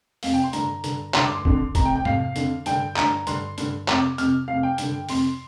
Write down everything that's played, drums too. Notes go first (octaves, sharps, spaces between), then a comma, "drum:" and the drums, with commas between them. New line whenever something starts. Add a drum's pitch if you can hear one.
F2 C3 F5, drum: open hi-hat
G5
C6
G2 D3 A#5, drum: hi-hat
G2 D3, drum: hi-hat
G2 D3 C6, drum: clap
D6
C6
F2 D3, drum: kick
F2 C3 A#5, drum: kick, hi-hat
G5
G5
F2 C3 F5, drum: tom G#2
F2 D3, drum: hi-hat
G2 D3 G5, drum: hi-hat
G2 D3 A#5, drum: clap
G2 D3 C6, drum: hi-hat
G2 D3, drum: hi-hat
F2 C3 D6, drum: clap
F2 C3 F6, drum: hi-hat
F2 C3 F5
G5
G2 D3, drum: hi-hat
F2 C3 C6, drum: open hi-hat